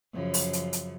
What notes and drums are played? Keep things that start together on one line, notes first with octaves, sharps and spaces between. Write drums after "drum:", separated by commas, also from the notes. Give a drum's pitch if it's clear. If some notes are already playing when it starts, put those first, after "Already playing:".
F#2 C#3 F3
drum: open hi-hat
drum: hi-hat
drum: hi-hat